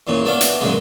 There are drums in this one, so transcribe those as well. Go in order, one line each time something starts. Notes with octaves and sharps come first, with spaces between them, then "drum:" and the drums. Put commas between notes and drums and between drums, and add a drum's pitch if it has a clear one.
E2 A#2 C#3
A3 B3 D4 F5
drum: hi-hat
F#2 A#2 C#3 G#3